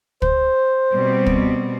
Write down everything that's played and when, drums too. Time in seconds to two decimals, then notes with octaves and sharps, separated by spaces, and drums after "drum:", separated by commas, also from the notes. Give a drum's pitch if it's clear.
0.22 C5, drum: kick
0.93 B2 G3 C4
1.27 drum: kick